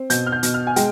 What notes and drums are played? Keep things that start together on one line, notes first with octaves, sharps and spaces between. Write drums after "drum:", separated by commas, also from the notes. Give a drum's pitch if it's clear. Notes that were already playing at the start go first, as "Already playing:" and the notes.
Already playing: C4
B2 G6, drum: hi-hat
F6
G6
B2, drum: hi-hat
F6
G#5
G#3 G5, drum: hi-hat